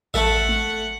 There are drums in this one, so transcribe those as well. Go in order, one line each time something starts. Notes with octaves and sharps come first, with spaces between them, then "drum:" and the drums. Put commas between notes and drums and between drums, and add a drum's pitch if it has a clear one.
A3 A4 E5 F#5, drum: kick A1
drum: tom G#3